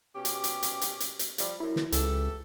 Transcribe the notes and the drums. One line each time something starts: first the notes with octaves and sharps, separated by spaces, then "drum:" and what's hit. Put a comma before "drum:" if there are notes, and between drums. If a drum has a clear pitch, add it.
B2 C#4 G4
drum: hi-hat
drum: hi-hat
drum: hi-hat
drum: hi-hat
drum: hi-hat
drum: hi-hat
F3 G3, drum: hi-hat
F#2 E4
drum: snare
C#2 E3 G4 A4, drum: hi-hat